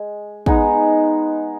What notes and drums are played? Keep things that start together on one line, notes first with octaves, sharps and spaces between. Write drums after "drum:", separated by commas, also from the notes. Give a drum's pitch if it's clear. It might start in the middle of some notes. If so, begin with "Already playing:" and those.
Already playing: G#3
G#3 B3 D#4, drum: kick